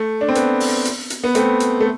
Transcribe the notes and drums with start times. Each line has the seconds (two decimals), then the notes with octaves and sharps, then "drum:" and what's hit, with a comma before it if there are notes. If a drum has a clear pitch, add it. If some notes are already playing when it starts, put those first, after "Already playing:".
Already playing: A3
0.21 D4
0.29 C4
0.35 B3, drum: hi-hat
0.60 drum: open hi-hat
0.85 drum: hi-hat
1.10 drum: hi-hat
1.24 B3
1.35 A3 C4, drum: hi-hat
1.60 drum: hi-hat
1.80 A3